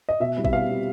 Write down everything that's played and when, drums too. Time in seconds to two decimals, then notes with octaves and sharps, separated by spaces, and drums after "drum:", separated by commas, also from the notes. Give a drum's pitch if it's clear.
0.09 D#5
0.20 B2 E5
0.37 G3 C4 E4
0.45 E5, drum: kick
0.53 B2 F5
0.69 G3 C4 E4